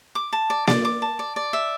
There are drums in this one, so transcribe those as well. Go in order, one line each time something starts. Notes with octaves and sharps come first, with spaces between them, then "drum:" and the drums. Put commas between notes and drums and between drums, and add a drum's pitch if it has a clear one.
D6
A5
D5
D5, drum: snare A#3
D6
A5
D5
D5
E5